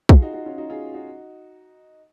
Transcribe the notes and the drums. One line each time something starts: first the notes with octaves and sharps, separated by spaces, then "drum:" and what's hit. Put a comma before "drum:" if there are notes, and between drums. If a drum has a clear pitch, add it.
F4 G#4, drum: kick
D#4 F#4
D#4 F#4
C#4 F4
D#4 F#4
F4 G#4
D#4 F#4